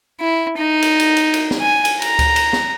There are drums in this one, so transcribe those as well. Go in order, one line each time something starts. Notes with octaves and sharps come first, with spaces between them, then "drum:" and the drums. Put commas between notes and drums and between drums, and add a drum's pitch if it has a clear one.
E4
D#4
drum: cymbal
drum: cymbal
drum: cymbal
drum: cymbal
drum: snare
G#5
drum: cymbal
A#5, drum: cymbal
drum: kick C#2, cymbal
drum: cymbal
drum: snare